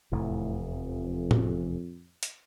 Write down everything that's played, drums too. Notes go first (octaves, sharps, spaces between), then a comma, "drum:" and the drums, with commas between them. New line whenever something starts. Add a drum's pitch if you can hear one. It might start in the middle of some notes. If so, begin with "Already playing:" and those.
F1 E2 A2 C3
F2
drum: tom A2
drum: hi-hat